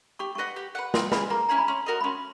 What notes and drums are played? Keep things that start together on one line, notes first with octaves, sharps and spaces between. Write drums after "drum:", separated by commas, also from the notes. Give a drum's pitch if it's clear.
G4 C#6
B4 D#5 F#5 C#6
G4
B4 D#5 F#5
A#3 C6, drum: snare
C#4 E4 G#4 B5, drum: snare
A#3 A#5
C#4 E4 G#4 A#5
B5
C#4 C6
F#4 A#4 D#5
B5
C#4 C6